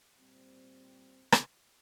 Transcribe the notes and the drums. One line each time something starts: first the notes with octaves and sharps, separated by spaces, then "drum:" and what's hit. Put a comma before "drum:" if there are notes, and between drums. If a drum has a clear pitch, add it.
A#2 G3 C4
drum: rim click